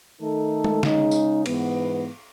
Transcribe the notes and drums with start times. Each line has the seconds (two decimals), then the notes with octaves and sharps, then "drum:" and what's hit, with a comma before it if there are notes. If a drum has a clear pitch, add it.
0.21 D#3 A3 D#4 A4
0.64 drum: tom G#3
0.83 C#3 G#3 D#4, drum: snare
1.11 drum: tambourine
1.46 G#2 E3 B3, drum: cymbal